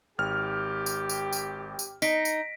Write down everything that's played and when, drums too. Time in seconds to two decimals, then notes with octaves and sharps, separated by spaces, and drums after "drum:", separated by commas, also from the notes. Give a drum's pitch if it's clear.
0.18 G#1 G4 F6
0.86 drum: tambourine
1.09 drum: tambourine
1.33 drum: tambourine
1.79 drum: tambourine
2.02 D#4 A#6 B6 D7, drum: tambourine
2.25 drum: tambourine